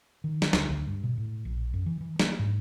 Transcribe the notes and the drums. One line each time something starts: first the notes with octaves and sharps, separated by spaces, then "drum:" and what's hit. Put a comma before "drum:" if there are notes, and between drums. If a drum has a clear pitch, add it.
D#3
drum: snare
D2, drum: snare
D2
G2
B2
A2
A#1
F#2
E3
E3
A#3, drum: snare
G#2